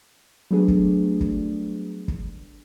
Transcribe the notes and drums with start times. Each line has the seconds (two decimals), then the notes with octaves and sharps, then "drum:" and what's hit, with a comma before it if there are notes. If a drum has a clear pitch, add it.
0.51 F#3 G3 A3 B3 D4 G#4
0.68 drum: kick
1.21 drum: kick
2.08 drum: kick